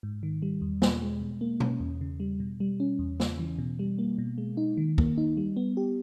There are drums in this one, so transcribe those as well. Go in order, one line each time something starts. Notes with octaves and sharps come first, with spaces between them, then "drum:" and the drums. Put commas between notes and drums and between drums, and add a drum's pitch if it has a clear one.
G#2
D#3
G3
E2
B2, drum: snare
G#3
B2
A#3
C#4, drum: tom B2
E2
C#3
G3
B2
G3
C#4
E2
C#3, drum: snare
E3
B2
G3
A#3
B2
G#3
D#4
D#3
A#3, drum: kick
D#4
G3
B3
G4